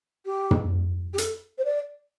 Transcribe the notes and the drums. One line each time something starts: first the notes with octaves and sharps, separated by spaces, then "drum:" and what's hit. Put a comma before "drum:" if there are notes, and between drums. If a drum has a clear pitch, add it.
G4
drum: tom
G4
A4, drum: hi-hat
C5
D5